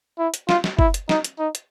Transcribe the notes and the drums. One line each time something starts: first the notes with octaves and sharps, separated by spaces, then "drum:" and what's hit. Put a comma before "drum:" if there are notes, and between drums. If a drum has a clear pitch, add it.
E4
drum: hi-hat
F4, drum: snare
drum: snare
E4, drum: kick F#1
drum: hi-hat
D#4, drum: snare
drum: hi-hat
D#4
drum: hi-hat